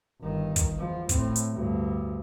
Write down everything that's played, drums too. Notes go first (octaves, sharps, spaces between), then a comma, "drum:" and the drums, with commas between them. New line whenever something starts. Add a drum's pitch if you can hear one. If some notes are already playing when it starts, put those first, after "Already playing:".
G1 D#3
drum: kick, hi-hat
E2 F3
A2 C4, drum: kick, hi-hat
drum: hi-hat
D2 G2